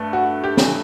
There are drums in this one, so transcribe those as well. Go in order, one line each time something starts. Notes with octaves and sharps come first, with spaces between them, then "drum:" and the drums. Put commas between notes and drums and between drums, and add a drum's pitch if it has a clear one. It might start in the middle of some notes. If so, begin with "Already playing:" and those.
Already playing: G2 A3
F#4
G4
drum: snare